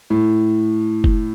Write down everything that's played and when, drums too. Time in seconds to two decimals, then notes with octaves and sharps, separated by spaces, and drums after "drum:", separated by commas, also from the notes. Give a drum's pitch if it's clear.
0.10 A2
1.04 drum: kick